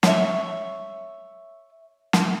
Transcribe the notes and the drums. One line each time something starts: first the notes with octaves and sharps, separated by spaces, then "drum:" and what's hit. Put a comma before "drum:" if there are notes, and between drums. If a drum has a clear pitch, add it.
C#5 E5, drum: snare
drum: snare